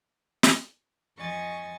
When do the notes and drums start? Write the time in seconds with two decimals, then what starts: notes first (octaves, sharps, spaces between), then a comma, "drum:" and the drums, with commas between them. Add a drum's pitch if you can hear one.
0.43 drum: snare
1.17 F2 F3 D#5 G#5 C#6 A6